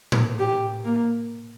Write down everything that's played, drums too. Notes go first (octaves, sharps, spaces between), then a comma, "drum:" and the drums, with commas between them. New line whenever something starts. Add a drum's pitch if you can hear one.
drum: tom A2
G4
A#3